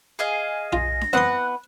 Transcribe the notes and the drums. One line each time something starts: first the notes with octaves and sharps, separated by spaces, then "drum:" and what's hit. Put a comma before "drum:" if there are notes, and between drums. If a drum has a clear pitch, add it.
G#4 D#5 F5
F4 A#6, drum: tom B1
drum: snare D4
E3 B3 C4 F#5 C6